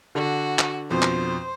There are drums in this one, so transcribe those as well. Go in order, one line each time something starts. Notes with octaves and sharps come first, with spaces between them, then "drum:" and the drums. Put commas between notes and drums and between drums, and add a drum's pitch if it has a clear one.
D3 F#4
drum: clap
F2 B2 F3 C5
drum: clap